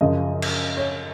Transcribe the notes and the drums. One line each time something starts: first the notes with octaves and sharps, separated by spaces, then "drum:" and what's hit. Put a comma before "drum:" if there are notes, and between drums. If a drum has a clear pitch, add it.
F#2 C#3 F3 D#5
drum: cymbal
C#5